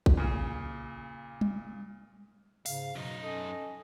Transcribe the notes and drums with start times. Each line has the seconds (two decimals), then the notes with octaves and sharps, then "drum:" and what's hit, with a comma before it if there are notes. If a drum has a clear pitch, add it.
0.06 drum: kick
0.17 A#2 C#3
1.41 drum: tom G3
2.66 G#2 C#3 F5, drum: open hi-hat
2.95 F#2 B2 D#4
3.23 C#4 A4 D#5